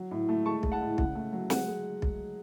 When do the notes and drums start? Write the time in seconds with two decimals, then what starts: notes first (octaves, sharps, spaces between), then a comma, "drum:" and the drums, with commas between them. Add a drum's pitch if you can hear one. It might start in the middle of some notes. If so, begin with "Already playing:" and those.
Already playing: F#3
0.11 A2
0.29 A3
0.46 G#3 A5 C#6
0.63 G#3, drum: kick B1
0.72 F#5 A5
0.81 A2
0.98 C#3 F#5, drum: kick B1
1.15 A3
1.33 F#3
1.50 G#3 F#5, drum: snare
1.68 G#3
2.02 drum: kick B1